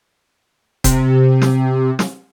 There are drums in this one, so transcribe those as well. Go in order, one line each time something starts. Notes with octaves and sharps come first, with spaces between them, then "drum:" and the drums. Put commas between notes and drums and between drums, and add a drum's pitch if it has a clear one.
C3, drum: kick E1, hi-hat
drum: snare
drum: snare